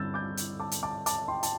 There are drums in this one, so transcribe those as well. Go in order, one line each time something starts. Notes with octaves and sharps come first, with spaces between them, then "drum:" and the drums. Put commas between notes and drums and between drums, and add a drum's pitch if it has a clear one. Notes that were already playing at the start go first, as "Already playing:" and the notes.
Already playing: G2 D3 C4 E4 E6 G6 A6
D6 G6
drum: hi-hat
A5 D6
drum: hi-hat
A5 D6
A5 D6, drum: hi-hat
G5 C6
A5, drum: hi-hat